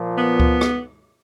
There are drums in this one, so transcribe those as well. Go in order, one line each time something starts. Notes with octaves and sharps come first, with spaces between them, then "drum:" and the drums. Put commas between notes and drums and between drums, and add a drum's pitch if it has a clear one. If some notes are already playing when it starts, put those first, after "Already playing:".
Already playing: A#2 F3
B3
drum: kick C#2
drum: rim click